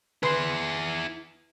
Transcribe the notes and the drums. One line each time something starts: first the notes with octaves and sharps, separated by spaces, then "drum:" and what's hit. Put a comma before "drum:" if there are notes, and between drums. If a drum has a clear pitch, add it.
E4 G#4 B4 C6, drum: tom D3